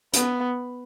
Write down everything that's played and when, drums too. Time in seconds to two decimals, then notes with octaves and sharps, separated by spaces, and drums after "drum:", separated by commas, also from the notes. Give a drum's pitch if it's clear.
0.13 B3, drum: hi-hat